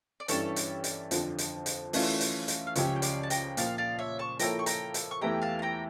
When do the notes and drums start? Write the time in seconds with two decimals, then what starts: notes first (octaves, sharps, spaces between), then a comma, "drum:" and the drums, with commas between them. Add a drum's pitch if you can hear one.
0.20 D5
0.28 G2 E3 G3 C#4 A4 C#5, drum: hi-hat
0.56 drum: hi-hat
0.84 drum: hi-hat
1.11 F2 D3 F3, drum: hi-hat
1.38 drum: hi-hat
1.66 drum: hi-hat
1.93 E3 A3 C#4 F4, drum: open hi-hat
2.21 drum: hi-hat
2.48 drum: hi-hat
2.67 F5
2.75 C#2 C#3 F3 C#4 G4 C#5 E5, drum: hi-hat
2.96 G5
3.02 D5 F5, drum: hi-hat
3.23 A5
3.30 G5 A#5, drum: hi-hat
3.57 A#2 F3 A#3 F5 A5, drum: hi-hat
3.78 D5 F5
3.99 C#5 E5
4.19 A5 C#6
4.39 F3 A#3 E4 A4 C#5 G5 A#5, drum: hi-hat
4.59 C#6
4.66 G5 A#5, drum: hi-hat
4.94 drum: hi-hat
5.11 C#6
5.21 E2 E3 A3 E4 G4 G5 A#5
5.42 F5 A5
5.59 A5
5.62 G5 A#5